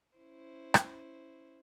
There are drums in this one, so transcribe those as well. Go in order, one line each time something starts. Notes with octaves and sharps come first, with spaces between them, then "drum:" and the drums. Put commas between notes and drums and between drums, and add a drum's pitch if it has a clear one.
C#4 E4 C5
drum: rim click